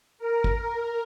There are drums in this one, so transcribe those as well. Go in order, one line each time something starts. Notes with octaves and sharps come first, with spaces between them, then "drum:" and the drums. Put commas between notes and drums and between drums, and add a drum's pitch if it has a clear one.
A#4
drum: kick